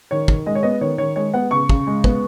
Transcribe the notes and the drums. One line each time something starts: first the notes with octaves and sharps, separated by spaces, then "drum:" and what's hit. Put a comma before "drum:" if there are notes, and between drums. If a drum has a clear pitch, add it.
D#3 C#5
D#3, drum: kick
G#3 D#5
C#5
B3 D#5
D#3 C#5
D#3 C#5
G#3 C#5
B3 F#5
C#3 C#6
C#3, drum: kick
G#3
B3, drum: kick